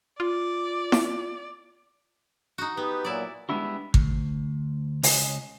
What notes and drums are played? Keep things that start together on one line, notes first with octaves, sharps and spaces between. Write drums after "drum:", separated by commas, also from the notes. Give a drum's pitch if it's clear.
F4 D5
drum: snare E4
D#4 F#4
B3 D#4 G4 B4
A#2 F#3 E4 D5
G3 G#3 B3 D4 E4 F#4
D2, drum: kick G#1
C#2 C#5 D#5 G#5, drum: open hi-hat